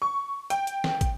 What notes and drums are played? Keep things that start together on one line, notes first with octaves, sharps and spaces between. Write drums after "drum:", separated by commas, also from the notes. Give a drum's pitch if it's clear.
C#6
G5, drum: hi-hat
drum: hi-hat
drum: snare
drum: kick, hi-hat